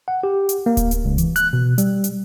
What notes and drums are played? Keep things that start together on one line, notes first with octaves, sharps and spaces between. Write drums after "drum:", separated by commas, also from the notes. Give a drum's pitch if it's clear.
F#5
G4
drum: hi-hat
A#3
drum: kick D1, hi-hat
drum: hi-hat
C#2
E3, drum: hi-hat
F#6, drum: hi-hat
B2
G3, drum: hi-hat
drum: hi-hat